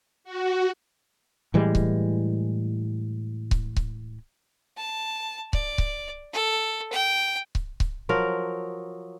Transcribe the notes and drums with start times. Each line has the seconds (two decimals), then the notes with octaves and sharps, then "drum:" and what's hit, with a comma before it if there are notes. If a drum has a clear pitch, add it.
0.24 F#4
1.54 A2 E3 G3 G#3
1.75 drum: kick C#1
3.51 drum: kick C#1
3.76 drum: kick C#1
4.77 A5
5.53 D5, drum: kick C#1
5.78 drum: kick C#1
6.33 A4
6.92 G5
7.55 drum: kick C#1
7.80 drum: kick C#1
8.09 F3 F#3 A#4